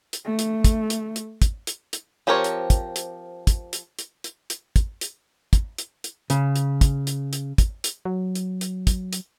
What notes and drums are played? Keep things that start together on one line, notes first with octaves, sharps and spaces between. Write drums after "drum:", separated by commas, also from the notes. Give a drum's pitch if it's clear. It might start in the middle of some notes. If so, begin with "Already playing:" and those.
drum: hi-hat
A3
drum: hi-hat
drum: kick, hi-hat
drum: hi-hat
drum: hi-hat
drum: kick, hi-hat
drum: hi-hat
drum: hi-hat
F3 C4 G4 A#4 C#5
drum: hi-hat
drum: kick, hi-hat
drum: hi-hat
drum: kick, hi-hat
drum: hi-hat
drum: hi-hat
drum: hi-hat
drum: hi-hat
drum: kick, hi-hat
drum: hi-hat
drum: kick, hi-hat
drum: hi-hat
drum: hi-hat
C#3, drum: hi-hat
drum: hi-hat
drum: kick, hi-hat
drum: hi-hat
drum: hi-hat
drum: kick, hi-hat
drum: hi-hat
F#3
drum: hi-hat
drum: hi-hat
drum: kick, hi-hat
drum: hi-hat